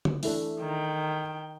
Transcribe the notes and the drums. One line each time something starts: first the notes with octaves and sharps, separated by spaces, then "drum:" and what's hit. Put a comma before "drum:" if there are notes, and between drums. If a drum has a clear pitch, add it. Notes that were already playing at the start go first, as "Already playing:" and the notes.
drum: tom D3
E3 A3 D4, drum: open hi-hat
D#3 G5